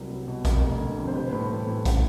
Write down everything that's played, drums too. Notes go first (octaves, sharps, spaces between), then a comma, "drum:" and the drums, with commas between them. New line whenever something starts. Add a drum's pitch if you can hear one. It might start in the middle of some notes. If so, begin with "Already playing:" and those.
Already playing: C2 C3 F#3 B4
F#3
B2
F2 A#4, drum: kick, hi-hat
F1
D3
F2
C5
G3 B4
C5
A2 B4
E3 A4
A2
C#3, drum: kick, hi-hat